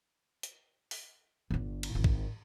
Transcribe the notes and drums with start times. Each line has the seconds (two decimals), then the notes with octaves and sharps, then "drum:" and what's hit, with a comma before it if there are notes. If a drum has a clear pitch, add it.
0.43 drum: hi-hat
0.91 drum: open hi-hat
1.51 G1 D3
1.83 drum: cymbal
1.95 G#1 F4
2.04 drum: kick A#1